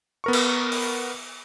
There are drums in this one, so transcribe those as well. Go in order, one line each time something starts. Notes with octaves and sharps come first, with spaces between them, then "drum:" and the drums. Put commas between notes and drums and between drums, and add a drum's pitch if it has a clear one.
B3 A#4 C#6
drum: cymbal
drum: open hi-hat